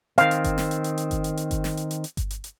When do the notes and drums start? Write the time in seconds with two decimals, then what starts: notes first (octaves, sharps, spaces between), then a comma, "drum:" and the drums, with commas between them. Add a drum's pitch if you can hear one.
0.18 D#3 C4 F5, drum: hi-hat
0.31 drum: hi-hat
0.44 drum: kick G1, hi-hat
0.58 drum: snare
0.71 drum: hi-hat
0.84 drum: hi-hat
0.98 drum: hi-hat
1.11 drum: kick G1, hi-hat
1.24 drum: hi-hat
1.37 drum: hi-hat
1.51 drum: kick G1, hi-hat
1.64 drum: snare
1.77 drum: hi-hat
1.91 drum: hi-hat
2.04 drum: hi-hat
2.17 drum: kick G1, hi-hat
2.30 drum: hi-hat
2.44 drum: hi-hat